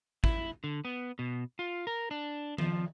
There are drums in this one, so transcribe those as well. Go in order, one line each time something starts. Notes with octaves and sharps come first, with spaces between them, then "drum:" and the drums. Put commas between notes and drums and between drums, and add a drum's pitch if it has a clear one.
E4, drum: kick
D3
B3
B2
F4
A#4
D4
F3, drum: tom D#3